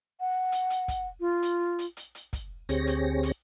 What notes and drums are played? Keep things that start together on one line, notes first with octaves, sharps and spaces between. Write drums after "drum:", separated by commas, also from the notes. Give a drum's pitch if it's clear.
F#5
drum: hi-hat
drum: hi-hat
drum: kick, hi-hat
F4
drum: hi-hat
drum: hi-hat
drum: hi-hat
drum: hi-hat
drum: kick, hi-hat
D2 C4 G4 G#4 C#5 A#6, drum: hi-hat
drum: hi-hat
drum: hi-hat